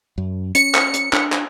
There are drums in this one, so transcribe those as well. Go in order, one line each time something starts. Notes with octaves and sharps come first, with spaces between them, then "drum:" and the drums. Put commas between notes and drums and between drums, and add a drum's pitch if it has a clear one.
F#2
C#4 C#7, drum: hi-hat
drum: clap
drum: hi-hat
D4, drum: clap
drum: clap